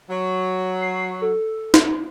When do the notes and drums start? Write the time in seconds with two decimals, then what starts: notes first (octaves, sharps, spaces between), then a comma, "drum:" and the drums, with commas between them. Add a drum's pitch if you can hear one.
0.10 F#3
0.81 C7
1.21 A4
1.74 drum: snare